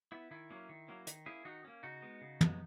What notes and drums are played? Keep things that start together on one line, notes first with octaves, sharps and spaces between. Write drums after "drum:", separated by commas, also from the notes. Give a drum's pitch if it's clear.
B3 E4
D#3 E4
F#3 A#3 C#4
D#3
F#3 A#3 C#4
D#3, drum: hi-hat
A#3 C#4 E4 G#4
D#3 D#4 F#4
A#3 C#4
C#3 D#4 F#4
G#3 B3
C#3
G#3 B3, drum: tom